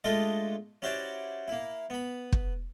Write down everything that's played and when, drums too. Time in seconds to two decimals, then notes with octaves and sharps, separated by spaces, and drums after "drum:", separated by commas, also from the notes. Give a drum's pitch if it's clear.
0.04 G#3 A3 D4 F4 A4 D#5
0.82 C#4 E4 F#4 G4 C5 D5
1.48 A#3 E4
1.90 B3 B5
2.32 drum: kick